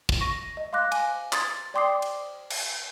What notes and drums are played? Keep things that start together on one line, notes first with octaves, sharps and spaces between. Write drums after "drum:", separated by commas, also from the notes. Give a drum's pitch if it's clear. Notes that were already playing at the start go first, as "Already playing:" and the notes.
drum: kick
C#6 A#6 D#7
D#5
F5 C6 D6 F#6 A#6
G#5, drum: cymbal
C6 D#6 G#6 A6, drum: clap
D5 G5 C6 D6 D#6 C7
drum: cymbal
drum: cymbal